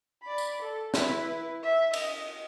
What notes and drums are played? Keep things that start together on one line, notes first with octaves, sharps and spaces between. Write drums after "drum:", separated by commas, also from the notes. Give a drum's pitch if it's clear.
D5 B5
drum: tambourine
A4
E4 B4, drum: snare
E5
D#5, drum: cymbal